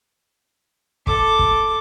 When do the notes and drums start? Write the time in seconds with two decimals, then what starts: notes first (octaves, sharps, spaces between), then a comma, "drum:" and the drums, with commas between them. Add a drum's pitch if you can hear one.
1.07 A4 D6, drum: kick
1.39 drum: kick